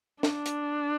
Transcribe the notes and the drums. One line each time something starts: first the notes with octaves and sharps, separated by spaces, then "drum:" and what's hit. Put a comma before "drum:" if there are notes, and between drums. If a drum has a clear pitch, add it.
D4, drum: snare
drum: hi-hat